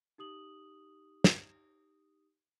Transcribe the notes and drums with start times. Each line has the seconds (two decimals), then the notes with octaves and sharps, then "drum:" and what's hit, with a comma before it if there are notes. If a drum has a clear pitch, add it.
0.18 D#4 G4 D#6 F#7
1.24 drum: snare